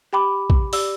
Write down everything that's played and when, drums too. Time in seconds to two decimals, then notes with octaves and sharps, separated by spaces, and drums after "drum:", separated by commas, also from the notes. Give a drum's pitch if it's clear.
0.13 G4 G5 B5 D6
0.50 drum: kick
0.73 G4 D5 E6, drum: open hi-hat